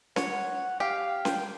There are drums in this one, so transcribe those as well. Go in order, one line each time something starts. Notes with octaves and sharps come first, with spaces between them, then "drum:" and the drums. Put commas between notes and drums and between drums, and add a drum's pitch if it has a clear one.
C#5 F#5, drum: snare C#4
G4 F5
G5, drum: snare C#4